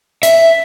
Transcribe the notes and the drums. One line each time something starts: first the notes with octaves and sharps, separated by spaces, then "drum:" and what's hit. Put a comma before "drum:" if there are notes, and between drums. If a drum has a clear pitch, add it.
E5, drum: hi-hat